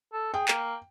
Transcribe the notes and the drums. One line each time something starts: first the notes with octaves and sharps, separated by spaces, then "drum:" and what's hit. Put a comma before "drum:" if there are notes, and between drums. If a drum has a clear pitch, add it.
A4
G#4 G5
A#3, drum: clap